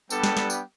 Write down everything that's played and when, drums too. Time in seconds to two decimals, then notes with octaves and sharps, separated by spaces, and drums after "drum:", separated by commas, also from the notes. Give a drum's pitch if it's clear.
0.10 G3 B3 D4 G4 A4, drum: tambourine
0.24 drum: snare
0.37 drum: snare
0.50 drum: tambourine